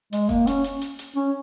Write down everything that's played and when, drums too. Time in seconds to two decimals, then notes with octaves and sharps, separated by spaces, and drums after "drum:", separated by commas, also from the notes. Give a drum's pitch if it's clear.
0.13 G#3, drum: hi-hat
0.29 A#3, drum: kick F1, open hi-hat
0.47 C#4, drum: hi-hat
0.64 drum: hi-hat
0.81 drum: hi-hat
0.99 drum: hi-hat
1.16 C#4